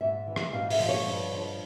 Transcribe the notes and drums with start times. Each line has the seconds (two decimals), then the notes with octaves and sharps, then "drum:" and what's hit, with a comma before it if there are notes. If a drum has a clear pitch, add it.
0.01 G#2 E5
0.27 E3
0.36 drum: rim click
0.53 G#2 F5
0.70 E5, drum: open hi-hat
0.80 F3
0.89 C#5
1.06 G2
1.32 F3